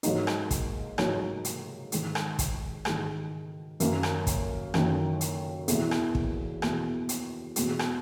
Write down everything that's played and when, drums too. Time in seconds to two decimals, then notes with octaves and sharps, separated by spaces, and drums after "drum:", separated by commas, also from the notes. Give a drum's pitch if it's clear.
0.03 G#2 F#3 A#3 D#4, drum: hi-hat
0.27 drum: rim click
0.51 drum: kick, hi-hat
0.98 G#2 F#3 A#3 D#4, drum: rim click
1.45 drum: hi-hat
1.92 G#2 D#3 G#3, drum: hi-hat
2.15 drum: rim click
2.39 drum: kick, hi-hat
2.85 G#2 D#3 G#3, drum: rim click
3.80 F#2 D#3 A#3, drum: hi-hat
4.03 drum: rim click
4.27 drum: kick, hi-hat
4.74 F#2 D#3 A#3, drum: rim click
5.21 drum: hi-hat
5.68 E2 B2 A#3 E4, drum: hi-hat
5.91 drum: rim click
6.15 drum: kick
6.62 E2 B2 A#3 E4, drum: rim click
7.09 drum: hi-hat
7.56 E2 B2 G#3, drum: hi-hat
7.79 drum: rim click